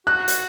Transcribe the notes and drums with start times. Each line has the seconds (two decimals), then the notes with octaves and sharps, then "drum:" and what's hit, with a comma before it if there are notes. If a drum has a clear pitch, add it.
0.07 F#4 F#6
0.28 drum: hi-hat